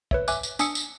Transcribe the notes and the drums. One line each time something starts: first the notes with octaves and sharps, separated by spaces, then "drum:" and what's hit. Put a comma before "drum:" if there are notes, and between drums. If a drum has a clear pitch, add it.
B4 C#5 E5, drum: kick
E5 G#5 D6 F#6, drum: tambourine
drum: tambourine
D4 G#5 D#6 E6 C#7, drum: tambourine
drum: tambourine